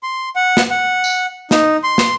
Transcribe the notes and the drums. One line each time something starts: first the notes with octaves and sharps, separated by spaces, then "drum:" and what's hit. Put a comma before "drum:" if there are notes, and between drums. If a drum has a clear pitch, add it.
C6
F#5
drum: snare
F#5
drum: tambourine
D#4, drum: snare
C6
drum: snare